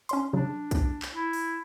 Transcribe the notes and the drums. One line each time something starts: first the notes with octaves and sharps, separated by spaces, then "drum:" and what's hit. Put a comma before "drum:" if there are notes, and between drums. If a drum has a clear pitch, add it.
C#4 C#5 C6, drum: hi-hat
C#3 F#3 D4
drum: kick B1, hi-hat
drum: clap
E4
drum: open hi-hat